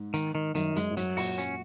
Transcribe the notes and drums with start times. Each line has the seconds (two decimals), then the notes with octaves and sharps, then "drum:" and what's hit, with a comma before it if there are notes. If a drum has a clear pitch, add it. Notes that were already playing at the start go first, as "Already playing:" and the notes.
Already playing: G#2
0.14 D#3, drum: hi-hat
0.35 D#3
0.55 F#2 D#3, drum: hi-hat
0.76 F#2 G#3, drum: hi-hat
0.91 G#2
0.97 F#2 F#3, drum: hi-hat
1.17 A#2 F#4, drum: open hi-hat
1.38 C#4, drum: hi-hat